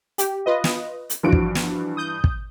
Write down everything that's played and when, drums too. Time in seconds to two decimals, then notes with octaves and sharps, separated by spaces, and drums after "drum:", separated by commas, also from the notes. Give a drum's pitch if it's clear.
0.18 G4, drum: hi-hat
0.46 F4 B4 D#5
0.64 drum: snare
1.10 drum: hi-hat
1.23 G2 E3 F3 F#4 D7
1.32 drum: kick
1.55 drum: snare
1.97 D#6 G6
2.24 drum: kick